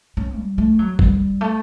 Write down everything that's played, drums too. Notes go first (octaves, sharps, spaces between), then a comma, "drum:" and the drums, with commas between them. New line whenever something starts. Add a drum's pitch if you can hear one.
C#4
G3
A3
F#3
G3, drum: kick
A3